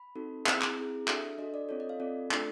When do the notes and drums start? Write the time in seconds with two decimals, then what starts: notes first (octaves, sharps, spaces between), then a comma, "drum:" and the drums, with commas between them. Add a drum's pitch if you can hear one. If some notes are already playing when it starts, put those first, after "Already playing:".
Already playing: B5
0.15 C4 D#4 F#4 A4
0.46 C4 E4 G#4 A#5, drum: clap
0.61 drum: clap
0.77 C4 E4 G#4
1.08 D4 F#4 A4 E5, drum: clap
1.38 D4 F#4 A4 D#5
1.54 D5
1.69 C4 F4 A4 C#5
1.80 D#5
1.89 F5
2.00 C4 F4 A4 D5
2.31 A3 D4 F4 A4, drum: clap